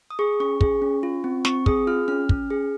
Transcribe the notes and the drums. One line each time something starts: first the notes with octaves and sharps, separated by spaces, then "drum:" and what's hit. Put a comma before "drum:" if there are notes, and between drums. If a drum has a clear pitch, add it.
D#6
G#4 C#6
C#4 C#6
G#4, drum: kick
C#4
F4
C4
C4 C#6, drum: snare
G#4 D#6, drum: kick
F4 F6
C#4 F6
C#4, drum: kick
G#4